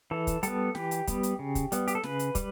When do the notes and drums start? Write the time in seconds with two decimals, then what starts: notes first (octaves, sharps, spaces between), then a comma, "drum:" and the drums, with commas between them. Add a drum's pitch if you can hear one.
0.11 E3 A4
0.27 drum: kick, hi-hat
0.43 G3 B3 A4, drum: hi-hat
0.75 E3 G4, drum: snare
0.91 drum: hi-hat
1.07 G3 B3, drum: kick, hi-hat
1.23 drum: hi-hat
1.39 C#3
1.55 drum: kick, hi-hat
1.72 G3 B3, drum: hi-hat
1.88 G4, drum: hi-hat
1.95 A4
2.03 C#3 B4, drum: snare
2.19 drum: hi-hat
2.35 G3, drum: kick, hi-hat